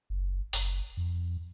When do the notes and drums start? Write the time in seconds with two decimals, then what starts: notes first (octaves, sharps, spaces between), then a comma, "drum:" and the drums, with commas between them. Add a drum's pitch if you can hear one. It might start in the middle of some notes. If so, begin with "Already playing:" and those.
0.10 F#1
0.53 F#1, drum: open hi-hat
0.97 F2